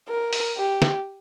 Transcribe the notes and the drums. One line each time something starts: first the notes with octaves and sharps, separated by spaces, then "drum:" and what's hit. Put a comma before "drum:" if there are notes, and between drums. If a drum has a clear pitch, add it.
A#4
drum: open hi-hat
G4
drum: snare